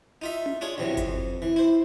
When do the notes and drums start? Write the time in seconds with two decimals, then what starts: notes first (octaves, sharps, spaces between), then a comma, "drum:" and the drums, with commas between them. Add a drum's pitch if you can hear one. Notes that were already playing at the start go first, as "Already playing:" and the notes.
0.22 D#4 F4 E5
0.46 drum: tom C#4
0.61 D4 F4 G#4 C#5
0.78 A#1 E2 C3 E3 F#3
0.97 F2, drum: kick G1, hi-hat
1.42 E3
1.56 E4 C5